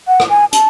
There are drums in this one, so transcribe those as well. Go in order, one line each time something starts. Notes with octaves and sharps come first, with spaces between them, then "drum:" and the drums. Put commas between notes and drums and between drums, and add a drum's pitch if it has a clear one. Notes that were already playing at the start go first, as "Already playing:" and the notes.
F#5
drum: rim click
G#5
A5, drum: hi-hat